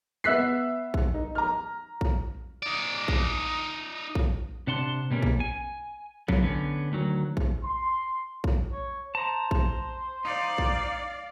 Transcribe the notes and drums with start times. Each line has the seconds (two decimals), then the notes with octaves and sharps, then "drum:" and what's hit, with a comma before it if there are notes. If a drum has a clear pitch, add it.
0.24 B3 E5 E6 F#6 B6 C7
0.94 drum: kick A#1
1.14 D#4
1.35 A#5 F6
2.01 drum: kick A#1
2.63 D#4 D5
3.08 drum: kick A#1
4.15 drum: kick A#1
4.67 C3 D4 F#5 A5 C6
5.11 B2 G3 A#3 C#4
5.23 drum: kick A#1
5.40 G#5
6.28 F2 C3 E3 F#3 A#3 B3, drum: kick A#1
6.43 D3 B3 C#4
6.92 D2 D#3 F#3
7.37 drum: kick A#1
7.65 C6
8.44 drum: kick A#1
8.72 C#5
9.15 C5 A5 A#5
9.51 drum: kick A#1
10.25 D#4 D5 F5
10.58 drum: kick A#1